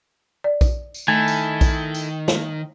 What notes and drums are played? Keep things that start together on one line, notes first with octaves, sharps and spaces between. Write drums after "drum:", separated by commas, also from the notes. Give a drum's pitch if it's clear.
D5
drum: kick A#1, tambourine
drum: tambourine
D#3 A3 E4 A4 G#5
drum: tambourine
drum: kick A#1, tambourine
drum: tambourine
drum: snare